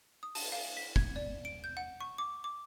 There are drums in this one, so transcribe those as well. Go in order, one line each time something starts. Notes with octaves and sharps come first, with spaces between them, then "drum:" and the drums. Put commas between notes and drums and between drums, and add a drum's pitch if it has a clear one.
D#6
A5, drum: open hi-hat
F5
B6
G#6, drum: kick
D5
D7
G6
F#5
C#6
D6
D6